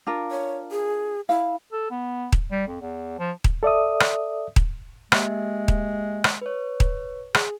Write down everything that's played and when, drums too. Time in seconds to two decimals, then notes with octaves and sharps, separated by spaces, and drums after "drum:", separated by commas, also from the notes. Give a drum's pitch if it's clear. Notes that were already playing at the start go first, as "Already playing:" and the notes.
0.07 D4 F4 A#4
0.31 C#5
0.71 G#4
1.29 E4 F5
1.72 A4
1.91 B3
2.32 drum: kick D#1
2.51 G3
2.67 F2
2.81 E2
3.19 F3
3.44 drum: kick D#1
3.63 A4 D5 E5 D#6
4.00 drum: rim click
4.56 drum: kick D#1
5.12 G#3 A#3 G4 E5, drum: rim click
5.68 drum: kick D#1
6.24 drum: rim click
6.41 B4 C#5
6.80 drum: kick D#1
7.34 G#4, drum: rim click